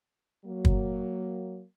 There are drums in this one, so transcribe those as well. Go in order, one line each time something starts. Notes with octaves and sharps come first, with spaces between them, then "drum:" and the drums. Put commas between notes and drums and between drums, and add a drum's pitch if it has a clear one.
F#3 A#3
drum: kick